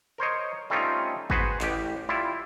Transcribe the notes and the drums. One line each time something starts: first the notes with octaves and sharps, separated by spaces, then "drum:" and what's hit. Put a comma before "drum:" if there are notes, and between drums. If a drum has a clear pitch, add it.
A#4 C5 C#5 D#5
G3 A3 C4 C#4 D#4 F4
F#4 G#4 B4 C5, drum: kick G#1
A1 G4, drum: clap
G3 E4 F4